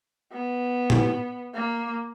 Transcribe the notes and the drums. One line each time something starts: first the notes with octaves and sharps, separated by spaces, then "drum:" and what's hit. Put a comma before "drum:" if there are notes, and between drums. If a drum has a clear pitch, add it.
B3
drum: tom A2
A#3